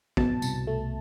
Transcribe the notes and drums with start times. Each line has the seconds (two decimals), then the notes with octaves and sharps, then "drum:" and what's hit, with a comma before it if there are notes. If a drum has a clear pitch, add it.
0.17 B2 A5, drum: kick
0.42 C2, drum: tambourine
0.67 A3